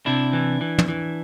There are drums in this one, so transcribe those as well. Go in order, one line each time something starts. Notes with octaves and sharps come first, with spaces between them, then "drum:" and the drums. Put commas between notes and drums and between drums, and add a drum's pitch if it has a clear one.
C3 D4 E4
E3
E3
drum: tom
E3